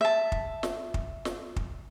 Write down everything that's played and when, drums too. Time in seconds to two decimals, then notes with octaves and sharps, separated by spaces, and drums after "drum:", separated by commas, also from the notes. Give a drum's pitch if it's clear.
0.01 E5 A5
0.32 drum: kick
0.63 drum: snare
0.94 drum: kick
1.25 drum: snare
1.56 drum: kick